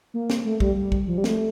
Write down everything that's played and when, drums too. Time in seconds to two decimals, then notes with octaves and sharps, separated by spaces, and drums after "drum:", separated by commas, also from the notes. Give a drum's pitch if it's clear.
0.14 A#3
0.30 drum: snare
0.45 A3
0.60 G3, drum: kick
0.76 G3
0.92 drum: kick
1.08 F3
1.18 G3
1.24 A#3, drum: snare
1.28 A3